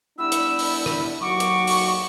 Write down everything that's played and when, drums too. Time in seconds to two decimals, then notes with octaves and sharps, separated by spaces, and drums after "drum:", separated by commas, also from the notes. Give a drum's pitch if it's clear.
0.18 G3 B3 D4 E4 F#5 B5 E6
0.32 drum: hi-hat
0.59 drum: open hi-hat
0.86 drum: rim click
1.21 D#2 F#3 F#4 C#6 D6
1.40 drum: hi-hat
1.67 drum: open hi-hat